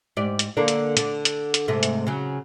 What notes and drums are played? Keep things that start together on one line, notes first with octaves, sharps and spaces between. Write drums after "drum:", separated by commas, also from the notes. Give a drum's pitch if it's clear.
G#2 G4 D5
drum: hi-hat
D3 A#3 D4
drum: hi-hat
D3 D4, drum: hi-hat
drum: hi-hat
drum: hi-hat
G#2 C3 A3
drum: hi-hat
C#3 F#3